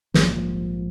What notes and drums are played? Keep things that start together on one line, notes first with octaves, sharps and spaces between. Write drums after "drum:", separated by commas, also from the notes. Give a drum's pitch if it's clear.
A#1 G#2 F3 G3 A#3, drum: snare